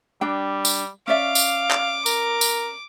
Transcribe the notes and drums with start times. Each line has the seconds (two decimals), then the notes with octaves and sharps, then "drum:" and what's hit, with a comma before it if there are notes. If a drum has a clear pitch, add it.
0.21 G3 D4 G5
0.65 drum: tambourine
1.08 C#4 D5 E5 F5 D6
1.35 drum: tambourine
1.71 drum: clap
2.06 A#4, drum: tambourine
2.41 drum: tambourine